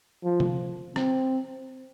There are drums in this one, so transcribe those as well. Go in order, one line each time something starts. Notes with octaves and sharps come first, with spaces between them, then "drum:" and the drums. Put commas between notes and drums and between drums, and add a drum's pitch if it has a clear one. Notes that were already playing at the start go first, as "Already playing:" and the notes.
F3
drum: tom C3
C4, drum: rim click